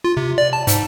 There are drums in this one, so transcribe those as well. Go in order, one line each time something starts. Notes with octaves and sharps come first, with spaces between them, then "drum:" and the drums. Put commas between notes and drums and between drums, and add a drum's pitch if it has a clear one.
F4
C3
D5
A5
G#2, drum: hi-hat